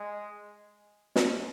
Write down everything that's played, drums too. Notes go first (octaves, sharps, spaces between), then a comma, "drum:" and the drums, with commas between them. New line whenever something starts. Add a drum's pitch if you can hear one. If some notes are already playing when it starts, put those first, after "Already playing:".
Already playing: G#3
drum: snare